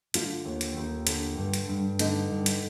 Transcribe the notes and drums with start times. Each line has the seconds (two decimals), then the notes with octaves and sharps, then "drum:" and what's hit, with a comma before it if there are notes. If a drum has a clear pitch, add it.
0.14 D3 F4, drum: hi-hat
0.45 D#2
0.61 drum: hi-hat
0.77 D#2
1.07 D3, drum: hi-hat
1.37 G2
1.54 drum: hi-hat
1.68 G2
1.99 D3 D#4, drum: hi-hat
2.31 G2
2.46 drum: hi-hat